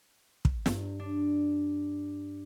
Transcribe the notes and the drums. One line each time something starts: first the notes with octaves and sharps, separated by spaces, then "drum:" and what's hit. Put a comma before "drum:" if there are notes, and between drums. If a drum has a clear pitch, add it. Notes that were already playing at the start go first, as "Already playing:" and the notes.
drum: kick
G2, drum: snare
D4